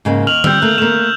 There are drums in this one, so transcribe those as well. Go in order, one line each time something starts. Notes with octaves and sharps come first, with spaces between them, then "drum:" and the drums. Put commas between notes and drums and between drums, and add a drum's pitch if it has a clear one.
G#2 C#3 A#3
D#2 F6 F7 F#7
G3 C4 E6 G6, drum: tom D3
A3 A#3 F#6
A3 A#3 E7